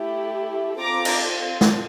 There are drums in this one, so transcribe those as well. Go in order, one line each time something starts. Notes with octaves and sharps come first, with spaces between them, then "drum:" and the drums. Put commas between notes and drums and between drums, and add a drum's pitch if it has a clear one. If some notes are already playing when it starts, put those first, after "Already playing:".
Already playing: A3 E4 G4
C4 F4 A4 A#5 D6
drum: cymbal
drum: snare